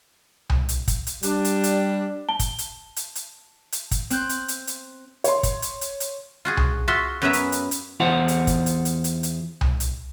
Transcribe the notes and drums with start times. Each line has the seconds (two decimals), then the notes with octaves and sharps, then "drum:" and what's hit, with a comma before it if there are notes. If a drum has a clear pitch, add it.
0.50 drum: tom C2
0.69 drum: hi-hat
0.88 drum: kick, hi-hat
1.07 drum: hi-hat
1.23 G3 D4, drum: hi-hat
1.45 drum: hi-hat
1.64 drum: hi-hat
2.29 A5 G7
2.39 drum: kick, hi-hat
2.58 drum: hi-hat
2.96 drum: hi-hat
3.15 drum: hi-hat
3.72 drum: hi-hat
3.91 drum: kick, hi-hat
4.10 C4 F#6 G6, drum: hi-hat
4.29 drum: hi-hat
4.48 drum: hi-hat
4.67 drum: hi-hat
5.24 C#5 C6, drum: hi-hat
5.43 drum: kick, hi-hat
5.62 drum: hi-hat
5.81 drum: hi-hat
6.00 drum: hi-hat
6.45 F4 F#4 G#4
6.57 drum: tom C2
6.88 F4 F#4 E5 C6
7.22 F#2 B3 C#4 B4 E5 A#5
7.33 drum: hi-hat
7.52 drum: hi-hat
7.71 drum: hi-hat
8.00 E2 F4 C5 F#5
8.28 drum: hi-hat
8.47 drum: kick, hi-hat
8.66 drum: hi-hat
8.85 drum: hi-hat
9.04 drum: hi-hat
9.23 drum: hi-hat
9.61 drum: tom C2
9.80 drum: hi-hat